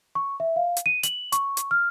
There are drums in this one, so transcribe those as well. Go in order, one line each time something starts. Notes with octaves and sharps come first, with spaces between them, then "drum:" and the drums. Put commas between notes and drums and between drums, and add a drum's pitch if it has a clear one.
C#6
E5
F5
drum: hi-hat
D#7
F#7, drum: hi-hat
C#6, drum: hi-hat
drum: hi-hat
F6